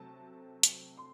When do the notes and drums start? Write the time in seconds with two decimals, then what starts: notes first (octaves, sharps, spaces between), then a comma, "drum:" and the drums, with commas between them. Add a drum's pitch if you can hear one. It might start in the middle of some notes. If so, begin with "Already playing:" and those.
Already playing: C3 F#3 A3 C4 A5
0.63 drum: hi-hat
0.97 C6